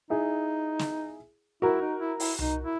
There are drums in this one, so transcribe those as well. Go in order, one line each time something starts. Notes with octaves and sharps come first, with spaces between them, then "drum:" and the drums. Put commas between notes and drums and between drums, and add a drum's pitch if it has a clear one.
D#4 E4 G#4
drum: snare
E4 F#4 A#4
D#4
E4
E4, drum: open hi-hat
D#4, drum: tom C2
E4